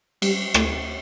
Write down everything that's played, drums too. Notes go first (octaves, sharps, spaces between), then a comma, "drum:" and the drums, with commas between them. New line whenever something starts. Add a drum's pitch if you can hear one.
G3, drum: cymbal
A3, drum: rim click